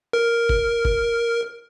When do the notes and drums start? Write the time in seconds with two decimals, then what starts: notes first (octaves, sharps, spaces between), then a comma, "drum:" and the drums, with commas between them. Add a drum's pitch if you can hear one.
0.13 A#4
0.49 drum: kick
0.85 drum: kick